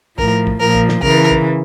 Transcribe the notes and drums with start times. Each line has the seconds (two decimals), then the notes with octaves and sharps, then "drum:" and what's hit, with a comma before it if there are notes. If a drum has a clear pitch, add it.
0.19 A2 F3 A#4, drum: kick
0.47 drum: kick
0.61 A#2 F3 A#4
0.75 drum: kick
0.89 drum: snare
1.03 C#3 E3 A#4, drum: kick
1.31 drum: kick